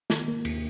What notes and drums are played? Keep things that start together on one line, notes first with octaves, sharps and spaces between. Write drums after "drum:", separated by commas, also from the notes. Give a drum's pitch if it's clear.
D#3, drum: snare
A#3
D#2, drum: cymbal